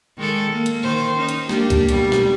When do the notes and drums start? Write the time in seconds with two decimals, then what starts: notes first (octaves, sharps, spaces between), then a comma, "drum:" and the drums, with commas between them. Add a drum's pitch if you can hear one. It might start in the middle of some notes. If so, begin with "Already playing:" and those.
0.17 D#3 G#3 A4
0.51 A#3
0.66 drum: hi-hat
0.83 D#3 C5
1.14 C#4 D#4
1.29 drum: hi-hat
1.49 A#3 D4 G4, drum: snare
1.70 drum: kick, hi-hat
1.89 B2 G3, drum: hi-hat
2.12 drum: snare